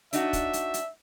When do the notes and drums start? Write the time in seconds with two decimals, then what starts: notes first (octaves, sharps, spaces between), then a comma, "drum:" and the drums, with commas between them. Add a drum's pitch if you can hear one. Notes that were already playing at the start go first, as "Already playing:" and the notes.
0.13 D4 D#4 F#4 E5, drum: hi-hat
0.33 drum: kick, hi-hat
0.53 drum: hi-hat
0.74 drum: hi-hat